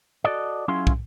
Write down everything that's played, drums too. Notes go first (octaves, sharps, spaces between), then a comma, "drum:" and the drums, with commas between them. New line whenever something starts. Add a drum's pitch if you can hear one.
F#4 A4 D5 D#5
F#3 C#4 E4 F4 G#4 C6
drum: kick